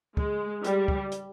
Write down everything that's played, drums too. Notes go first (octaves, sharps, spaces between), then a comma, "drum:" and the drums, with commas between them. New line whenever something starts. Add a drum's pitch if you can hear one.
G#3, drum: kick
G3, drum: hi-hat
drum: kick
drum: hi-hat